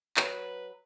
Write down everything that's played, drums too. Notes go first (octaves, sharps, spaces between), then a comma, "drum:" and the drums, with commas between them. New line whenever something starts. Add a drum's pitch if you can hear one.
F#3 B4, drum: clap